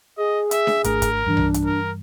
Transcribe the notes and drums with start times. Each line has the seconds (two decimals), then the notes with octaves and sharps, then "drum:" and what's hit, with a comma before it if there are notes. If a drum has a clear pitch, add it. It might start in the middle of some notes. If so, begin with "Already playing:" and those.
0.18 G#4 D#5
0.51 E5, drum: hi-hat
0.67 drum: snare D4
0.84 G#1 A3 D4 A#4, drum: hi-hat
1.02 drum: kick, hi-hat
1.27 G2 E3 D4
1.37 drum: tom B1
1.54 drum: hi-hat
1.64 A#4